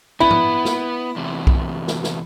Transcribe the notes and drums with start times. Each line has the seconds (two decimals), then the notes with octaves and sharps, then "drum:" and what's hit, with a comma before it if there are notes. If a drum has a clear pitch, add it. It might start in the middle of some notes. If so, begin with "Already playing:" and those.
0.20 B3 E4 B5
0.31 drum: tom G#2
0.65 drum: snare
1.16 E2 C3
1.47 drum: kick B1
1.88 drum: snare
2.04 drum: snare